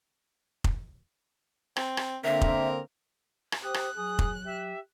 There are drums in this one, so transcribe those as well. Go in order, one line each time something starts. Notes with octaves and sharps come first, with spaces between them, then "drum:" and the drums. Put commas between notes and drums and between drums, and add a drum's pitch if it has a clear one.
drum: kick F1
C4, drum: rim click
drum: rim click
D3 A#3 C4 A#4 E5
drum: kick F1
drum: rim click
G4 C5 D#6 F#6
drum: rim click
F#3 G#4 D#6
drum: kick F1
G4 E5